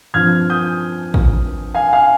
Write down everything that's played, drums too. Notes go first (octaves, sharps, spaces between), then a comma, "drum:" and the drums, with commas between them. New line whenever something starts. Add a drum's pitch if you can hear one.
G2 F3 C4 F6 G#6
D#6 G6
drum: kick
F5 G#5
F5 G#5